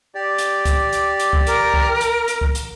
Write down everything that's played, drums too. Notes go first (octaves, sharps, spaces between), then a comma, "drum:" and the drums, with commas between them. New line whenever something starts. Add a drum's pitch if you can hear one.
G4 D5
drum: hi-hat
drum: kick C#2, hi-hat
drum: hi-hat
drum: hi-hat
drum: kick C#2
A#4, drum: hi-hat
drum: kick C#2
drum: hi-hat
drum: hi-hat
drum: kick C#2
drum: hi-hat